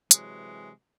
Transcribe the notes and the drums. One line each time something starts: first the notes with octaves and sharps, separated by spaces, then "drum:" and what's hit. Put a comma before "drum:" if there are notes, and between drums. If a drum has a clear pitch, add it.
C3 E3 F#3 G#3, drum: hi-hat